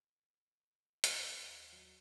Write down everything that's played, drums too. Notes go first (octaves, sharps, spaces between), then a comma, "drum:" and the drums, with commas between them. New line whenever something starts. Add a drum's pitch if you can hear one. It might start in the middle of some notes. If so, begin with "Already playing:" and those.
F2, drum: hi-hat
D#2
F#3